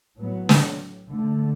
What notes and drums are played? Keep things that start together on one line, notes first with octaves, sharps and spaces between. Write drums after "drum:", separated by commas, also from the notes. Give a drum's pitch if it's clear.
A2 F#3 B3
drum: snare
D3 A3